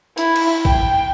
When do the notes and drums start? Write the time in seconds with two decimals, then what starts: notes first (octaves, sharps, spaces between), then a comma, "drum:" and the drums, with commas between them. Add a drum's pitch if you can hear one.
0.18 E4, drum: hi-hat
0.36 drum: cymbal
0.65 G5, drum: kick